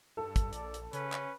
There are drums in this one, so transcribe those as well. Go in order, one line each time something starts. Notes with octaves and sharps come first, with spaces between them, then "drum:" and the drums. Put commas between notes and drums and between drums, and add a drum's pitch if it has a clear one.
G2 A4
drum: kick, hi-hat
A#1 D5, drum: hi-hat
drum: hi-hat
C#3 C#4 B4, drum: hi-hat
drum: clap